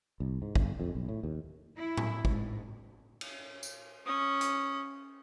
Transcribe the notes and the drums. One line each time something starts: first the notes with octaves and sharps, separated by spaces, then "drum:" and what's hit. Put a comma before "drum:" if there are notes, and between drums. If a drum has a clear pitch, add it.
C2
G#2
G1, drum: kick
F2
B1
A2
D#2
E4
drum: tom A2
G#2, drum: kick
drum: cymbal
drum: tambourine
C#4 D#6
drum: hi-hat